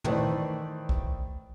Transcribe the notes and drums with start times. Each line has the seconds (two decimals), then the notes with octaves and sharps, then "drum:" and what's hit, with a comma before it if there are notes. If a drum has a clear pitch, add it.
0.04 D#3 E3 A3 B4 C5 D5, drum: tom
0.89 drum: kick